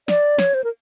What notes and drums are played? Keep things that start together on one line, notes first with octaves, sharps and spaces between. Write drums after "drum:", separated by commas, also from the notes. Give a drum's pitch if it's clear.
D5, drum: snare
C#5, drum: snare
C5
A#4